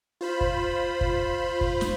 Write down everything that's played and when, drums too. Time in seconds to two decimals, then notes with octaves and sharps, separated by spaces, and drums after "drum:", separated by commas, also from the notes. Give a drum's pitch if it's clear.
0.21 F4 C5 B5
0.41 drum: kick
1.01 drum: kick
1.61 drum: kick
1.81 drum: snare